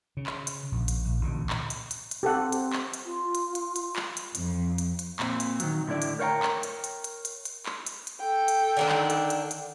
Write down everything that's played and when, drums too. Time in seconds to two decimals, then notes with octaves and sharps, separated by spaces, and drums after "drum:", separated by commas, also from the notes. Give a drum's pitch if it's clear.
0.17 C#3
0.26 drum: clap
0.47 drum: hi-hat
0.72 A#1
0.88 drum: hi-hat
1.05 A#1
1.21 A1 D2 A#2 D3
1.50 drum: clap
1.70 drum: hi-hat
1.91 drum: hi-hat
2.11 drum: hi-hat
2.23 C4 G4 A4 F#5
2.52 drum: hi-hat
2.73 drum: clap
2.94 drum: hi-hat
3.06 F4
3.35 drum: hi-hat
3.55 drum: hi-hat
3.76 drum: hi-hat
3.96 drum: clap
4.17 drum: hi-hat
4.35 F2, drum: hi-hat
4.78 drum: hi-hat
4.99 drum: hi-hat
5.19 A#2 C4, drum: clap
5.40 drum: hi-hat
5.60 D#3 F#3, drum: hi-hat
5.87 A2 D3 E4 D5
6.02 drum: hi-hat
6.19 A#4 C5 C#5 F5 G5 A#5
6.43 drum: clap
6.63 drum: hi-hat
6.84 drum: hi-hat
7.04 drum: hi-hat
7.25 drum: hi-hat
7.45 drum: hi-hat
7.66 drum: clap
7.86 drum: hi-hat
8.07 drum: hi-hat
8.20 A4 G5
8.48 drum: hi-hat
8.77 D3 D#3 D4
8.89 drum: clap
9.10 drum: hi-hat
9.30 drum: hi-hat
9.51 drum: hi-hat